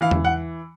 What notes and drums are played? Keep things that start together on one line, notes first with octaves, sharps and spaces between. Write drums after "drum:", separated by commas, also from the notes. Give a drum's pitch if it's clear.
E3 F5
drum: tom E2
F#5